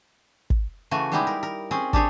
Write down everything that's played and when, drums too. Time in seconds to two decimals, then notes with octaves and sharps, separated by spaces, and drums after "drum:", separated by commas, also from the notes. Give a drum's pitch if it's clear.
0.50 drum: kick
0.91 C#3 E3 A3 F#4 G#5
1.12 G3 G#3 B3 D#4 E4 G4
1.27 A#4
1.43 A#4
1.71 C4 C#4 G#4
1.93 D4 G4 G#4 C#5, drum: kick